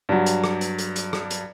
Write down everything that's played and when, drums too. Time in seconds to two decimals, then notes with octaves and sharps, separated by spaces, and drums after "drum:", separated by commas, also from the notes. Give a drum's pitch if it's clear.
0.09 G2 F#3
0.26 drum: hi-hat
0.44 drum: rim click
0.61 drum: hi-hat
0.78 drum: hi-hat
0.96 drum: hi-hat
1.13 drum: rim click
1.30 drum: hi-hat